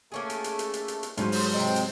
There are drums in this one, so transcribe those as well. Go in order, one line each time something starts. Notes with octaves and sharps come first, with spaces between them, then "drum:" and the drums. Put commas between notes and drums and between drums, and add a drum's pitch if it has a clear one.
A3 A#3 C#4 G#4
drum: hi-hat
drum: hi-hat
drum: hi-hat
drum: hi-hat
drum: hi-hat
drum: hi-hat
G#2 F3 F#3 C#4 B4 C5, drum: hi-hat
drum: open hi-hat
C3 C4 D#4
drum: hi-hat